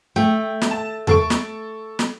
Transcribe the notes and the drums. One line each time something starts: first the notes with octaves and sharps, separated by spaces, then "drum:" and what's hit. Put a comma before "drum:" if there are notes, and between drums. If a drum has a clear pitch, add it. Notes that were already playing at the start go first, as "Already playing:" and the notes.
A3 G5
drum: snare
A5
A4 C#6 D7, drum: tom E2
drum: snare
drum: snare